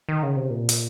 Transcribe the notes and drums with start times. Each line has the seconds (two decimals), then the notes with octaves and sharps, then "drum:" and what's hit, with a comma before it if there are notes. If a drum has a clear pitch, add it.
0.09 D#3
0.23 C#3
0.36 C3
0.50 A#2
0.69 drum: hi-hat